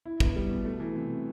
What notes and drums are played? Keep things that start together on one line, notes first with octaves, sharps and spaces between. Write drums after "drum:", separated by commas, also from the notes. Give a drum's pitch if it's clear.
E4
B3, drum: kick
G3
B2
A3
E3
C3